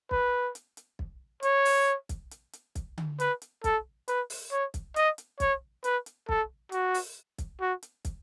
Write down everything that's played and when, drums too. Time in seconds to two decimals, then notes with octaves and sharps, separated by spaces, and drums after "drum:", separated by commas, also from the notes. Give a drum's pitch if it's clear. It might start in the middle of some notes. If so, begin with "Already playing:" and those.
0.11 B4, drum: kick
0.55 drum: hi-hat
0.77 drum: hi-hat
0.99 drum: kick
1.43 C#5, drum: hi-hat
1.65 drum: open hi-hat
2.09 drum: kick, hi-hat
2.31 drum: hi-hat
2.53 drum: hi-hat
2.75 drum: kick, hi-hat
2.97 drum: tom D3
3.20 B4, drum: hi-hat
3.42 drum: hi-hat
3.64 A4, drum: kick, hi-hat
4.08 B4, drum: hi-hat
4.30 drum: open hi-hat
4.51 C#5
4.74 drum: kick, hi-hat
4.96 D#5, drum: hi-hat
5.18 drum: hi-hat
5.40 C#5, drum: kick, hi-hat
5.84 B4, drum: hi-hat
6.06 drum: hi-hat
6.29 A4, drum: kick
6.72 F#4, drum: hi-hat
6.94 drum: open hi-hat
7.38 drum: kick, hi-hat
7.60 F#4
7.83 drum: hi-hat
8.05 drum: kick, hi-hat